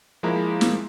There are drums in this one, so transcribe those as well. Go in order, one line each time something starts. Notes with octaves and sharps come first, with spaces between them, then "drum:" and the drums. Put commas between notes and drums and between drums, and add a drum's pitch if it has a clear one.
F3 G#3 A#3 E4 A#5
drum: snare